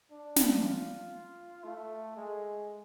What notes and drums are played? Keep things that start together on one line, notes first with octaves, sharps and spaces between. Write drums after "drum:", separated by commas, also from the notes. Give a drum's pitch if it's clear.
D4
drum: snare
F4
A3
G#3